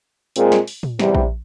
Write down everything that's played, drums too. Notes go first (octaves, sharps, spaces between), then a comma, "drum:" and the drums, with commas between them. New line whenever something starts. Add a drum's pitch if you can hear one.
A#2 G#3 C4 F4 G#4, drum: hi-hat
drum: snare
drum: open hi-hat
drum: tom
E2 C3 G3, drum: snare
drum: kick A#1